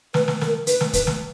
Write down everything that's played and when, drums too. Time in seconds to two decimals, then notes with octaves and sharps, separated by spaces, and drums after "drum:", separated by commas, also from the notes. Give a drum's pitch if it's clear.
0.14 B4, drum: snare
0.28 drum: snare
0.41 A#4, drum: snare
0.67 B4, drum: hi-hat
0.81 drum: snare
0.93 B4, drum: kick, hi-hat
1.07 drum: snare